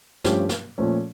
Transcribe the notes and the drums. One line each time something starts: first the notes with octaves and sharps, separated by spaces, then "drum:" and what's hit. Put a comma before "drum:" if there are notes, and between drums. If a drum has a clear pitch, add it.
G2 F3 A3 C#4 G4, drum: snare
drum: snare
A#2 F3 A3 C#4